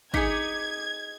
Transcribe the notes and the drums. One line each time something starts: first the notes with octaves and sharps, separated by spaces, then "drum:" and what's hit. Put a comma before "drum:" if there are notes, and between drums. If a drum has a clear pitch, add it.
D#4 G#4 D6 G#6 B6 C#7, drum: kick